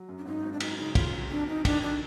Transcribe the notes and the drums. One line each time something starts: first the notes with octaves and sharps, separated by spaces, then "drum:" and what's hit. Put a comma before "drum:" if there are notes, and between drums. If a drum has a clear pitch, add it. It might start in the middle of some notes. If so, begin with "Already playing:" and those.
Already playing: F#3
F#2
D4
G#1 D#4
G#1
D4
F#3 D#4, drum: cymbal
C#3 D#4
C#3 F4, drum: kick, cymbal
F#3
F2 D4
F2 D#4
D#3 D4, drum: kick, cymbal
D4